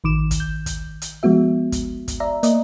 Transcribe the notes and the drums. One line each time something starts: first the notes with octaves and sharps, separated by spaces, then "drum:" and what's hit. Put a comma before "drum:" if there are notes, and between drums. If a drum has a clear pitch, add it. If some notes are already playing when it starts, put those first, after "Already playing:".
A1 D#3 D6 E7
drum: kick, hi-hat
G6
drum: kick, hi-hat
drum: hi-hat
F3 G#3 B3 F#4 E5
drum: kick, hi-hat
drum: kick, hi-hat
D5 E5 A#5
A#3 D5 D#5, drum: hi-hat